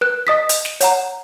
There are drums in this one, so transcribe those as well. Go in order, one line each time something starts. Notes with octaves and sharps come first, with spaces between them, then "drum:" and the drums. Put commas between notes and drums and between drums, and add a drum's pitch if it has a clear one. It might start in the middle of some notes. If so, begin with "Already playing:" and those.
B4 F#6
D#5 D#6 B6
drum: hi-hat
drum: snare
C#5 F#5 A#5, drum: hi-hat